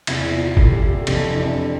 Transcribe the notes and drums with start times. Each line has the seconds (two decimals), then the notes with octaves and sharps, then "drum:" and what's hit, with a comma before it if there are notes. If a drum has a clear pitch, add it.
0.07 E2 C3 E3 E4, drum: cymbal
0.21 E4
0.32 F4
0.44 F4
0.57 A4, drum: kick
0.70 G4
0.83 G4
0.94 A4
1.07 F2 C3 E3 G4, drum: cymbal
1.19 E4
1.32 D4
1.44 C4